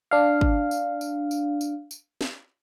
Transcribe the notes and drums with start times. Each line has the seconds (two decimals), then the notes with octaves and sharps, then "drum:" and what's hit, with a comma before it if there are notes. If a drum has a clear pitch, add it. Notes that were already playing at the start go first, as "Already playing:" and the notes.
0.11 D4 F5
0.41 drum: kick
0.71 drum: tambourine
1.01 drum: tambourine
1.31 drum: tambourine
1.61 drum: tambourine
1.91 drum: tambourine
2.21 drum: snare